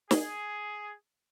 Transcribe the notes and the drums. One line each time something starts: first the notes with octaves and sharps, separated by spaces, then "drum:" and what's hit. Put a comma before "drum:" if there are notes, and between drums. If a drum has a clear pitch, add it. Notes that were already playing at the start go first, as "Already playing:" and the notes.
G#4, drum: snare